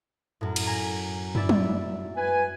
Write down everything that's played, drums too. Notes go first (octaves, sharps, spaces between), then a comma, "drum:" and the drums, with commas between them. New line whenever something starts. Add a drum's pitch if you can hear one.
F#2 A2
drum: cymbal
G#5 A#5
E4 D5 E5, drum: tom
drum: tom F#3
B4 G#5